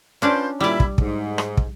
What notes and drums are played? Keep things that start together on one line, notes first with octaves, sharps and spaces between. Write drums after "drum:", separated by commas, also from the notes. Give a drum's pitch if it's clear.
C#4 D4 F4 B4 C5 D5
A#2 G3 E4 D5
drum: kick
G#2, drum: kick
drum: rim click
drum: kick